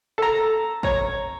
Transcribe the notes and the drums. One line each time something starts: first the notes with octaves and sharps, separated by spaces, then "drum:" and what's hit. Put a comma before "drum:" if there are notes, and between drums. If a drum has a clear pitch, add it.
A4 A#5
C#5 A#5, drum: kick